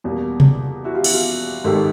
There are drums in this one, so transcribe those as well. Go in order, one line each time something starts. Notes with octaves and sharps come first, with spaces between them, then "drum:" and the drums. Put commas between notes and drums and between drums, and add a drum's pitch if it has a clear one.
E2 B2 G3 A#3
drum: tom C3
E4 F#4
F4 G4
E4 F#4, drum: cymbal
F4
G#1 G#2 D#3 G#3 G4 A4